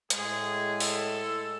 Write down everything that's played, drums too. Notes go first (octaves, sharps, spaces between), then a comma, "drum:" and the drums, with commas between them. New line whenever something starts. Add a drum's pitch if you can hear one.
A2 G#3 G#4, drum: hi-hat
A4, drum: open hi-hat